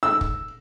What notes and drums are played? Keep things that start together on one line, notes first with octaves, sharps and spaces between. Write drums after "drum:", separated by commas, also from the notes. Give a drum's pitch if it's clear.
E6
drum: kick